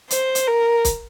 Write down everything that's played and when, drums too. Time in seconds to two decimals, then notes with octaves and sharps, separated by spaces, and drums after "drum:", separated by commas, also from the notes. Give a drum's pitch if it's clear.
0.10 C5, drum: hi-hat
0.35 drum: hi-hat
0.47 A#4
0.85 drum: kick, hi-hat